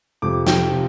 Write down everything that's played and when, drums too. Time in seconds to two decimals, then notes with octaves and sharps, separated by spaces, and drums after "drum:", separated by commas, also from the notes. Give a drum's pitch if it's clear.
0.22 F2 C3 F3 D6
0.47 G5, drum: snare
0.70 C3 F3